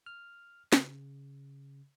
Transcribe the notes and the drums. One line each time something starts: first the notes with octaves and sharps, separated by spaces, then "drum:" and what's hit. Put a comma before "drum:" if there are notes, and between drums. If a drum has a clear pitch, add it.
F6
C#3, drum: snare